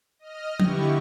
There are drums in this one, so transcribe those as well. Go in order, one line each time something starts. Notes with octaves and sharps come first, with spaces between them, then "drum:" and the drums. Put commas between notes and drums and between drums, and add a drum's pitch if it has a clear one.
D#5 F6
D3 B3 E4 G4 C#6, drum: tom